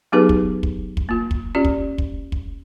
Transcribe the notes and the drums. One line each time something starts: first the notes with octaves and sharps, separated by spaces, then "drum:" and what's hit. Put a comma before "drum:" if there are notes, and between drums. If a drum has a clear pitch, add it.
F#3 B3 D#4 G4 G#4 B4
drum: kick
drum: kick
drum: kick
A#3 F4
drum: kick
C#4 F4 G4 D5
drum: kick
drum: kick
drum: kick